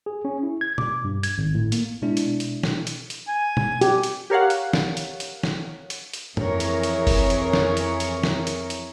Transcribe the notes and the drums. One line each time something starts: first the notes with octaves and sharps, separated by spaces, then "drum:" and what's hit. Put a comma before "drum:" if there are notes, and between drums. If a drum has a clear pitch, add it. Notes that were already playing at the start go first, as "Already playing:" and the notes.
G#4
C#4
E4
G#6
D6, drum: tom B2
G2
G#6, drum: hi-hat
G#1
A2
A#3, drum: hi-hat
B2 G#3 D4 E4
drum: hi-hat
drum: hi-hat
drum: snare
drum: hi-hat
drum: hi-hat
G#5
drum: tom
G4, drum: hi-hat
drum: hi-hat
G4 A#4 C#5 F5 F#5
drum: hi-hat
drum: snare
drum: hi-hat
drum: hi-hat
drum: snare
drum: hi-hat
drum: hi-hat
F2 E3 G#4 A#4 C#5, drum: tom
drum: hi-hat
drum: hi-hat
drum: kick F#1, open hi-hat
drum: hi-hat
drum: snare
drum: hi-hat
drum: hi-hat
drum: snare
drum: hi-hat
drum: hi-hat